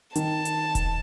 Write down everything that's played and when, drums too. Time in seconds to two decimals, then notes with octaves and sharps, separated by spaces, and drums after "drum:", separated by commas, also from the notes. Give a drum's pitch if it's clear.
0.15 D#3 A5, drum: hi-hat
0.45 drum: hi-hat
0.75 drum: kick D#1, hi-hat